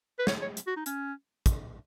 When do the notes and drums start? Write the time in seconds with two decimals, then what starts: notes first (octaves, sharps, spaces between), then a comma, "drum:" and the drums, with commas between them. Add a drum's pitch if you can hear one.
0.19 B4
0.27 C#5, drum: snare
0.41 C#5
0.57 drum: hi-hat
0.67 F#4
0.76 D#4
0.86 C#4, drum: hi-hat
1.46 drum: kick, hi-hat